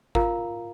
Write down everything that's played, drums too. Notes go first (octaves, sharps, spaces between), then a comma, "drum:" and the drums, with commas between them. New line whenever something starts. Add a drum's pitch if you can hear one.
F4 A#4 F5 A#5, drum: kick G#1